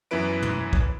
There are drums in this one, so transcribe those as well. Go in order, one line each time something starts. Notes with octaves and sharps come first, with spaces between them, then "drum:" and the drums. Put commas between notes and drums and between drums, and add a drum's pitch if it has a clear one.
F#2 E3 B3 E4 B4 D7
drum: tom
drum: kick